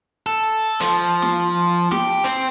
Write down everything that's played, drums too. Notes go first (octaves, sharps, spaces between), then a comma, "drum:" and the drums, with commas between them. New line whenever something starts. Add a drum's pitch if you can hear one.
A4
F3, drum: hi-hat
drum: snare
G4, drum: snare
C4, drum: hi-hat